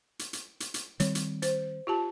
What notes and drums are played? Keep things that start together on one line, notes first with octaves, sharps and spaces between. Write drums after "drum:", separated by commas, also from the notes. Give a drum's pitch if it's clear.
drum: hi-hat
drum: hi-hat
drum: hi-hat
drum: hi-hat
D#3 G3 C4 C#5, drum: hi-hat
drum: hi-hat
C5, drum: hi-hat
F4 G4 A5